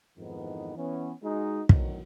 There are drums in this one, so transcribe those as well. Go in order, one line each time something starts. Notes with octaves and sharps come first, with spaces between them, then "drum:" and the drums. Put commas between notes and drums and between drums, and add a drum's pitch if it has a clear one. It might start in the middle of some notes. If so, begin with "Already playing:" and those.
F2 G#2 D#3 E3 B3 D#4
E3 B3 C#4
G#3 D#4 F#4
D2 B2 D#3 E3 F#3, drum: kick